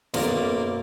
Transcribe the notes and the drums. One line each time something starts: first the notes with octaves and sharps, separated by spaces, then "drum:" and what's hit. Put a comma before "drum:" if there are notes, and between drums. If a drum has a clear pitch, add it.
B1 F#2 A#3 A#4 D5, drum: snare